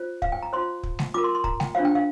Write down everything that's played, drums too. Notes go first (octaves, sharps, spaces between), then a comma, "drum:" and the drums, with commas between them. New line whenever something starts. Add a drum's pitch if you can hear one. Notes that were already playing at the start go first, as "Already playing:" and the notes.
Already playing: F4 C5
F5, drum: kick
G5
A#5
F4 C5 C6
drum: kick
drum: snare G#3
F4 A#4 D6
C6
C6
A#5, drum: kick
G5, drum: snare G#3
D4 F4 C5 F5
G5
F5